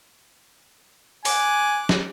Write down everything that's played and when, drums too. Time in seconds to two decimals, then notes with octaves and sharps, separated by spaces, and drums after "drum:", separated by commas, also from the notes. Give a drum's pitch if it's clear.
1.25 G#5 D6 F#6, drum: open hi-hat
1.89 drum: snare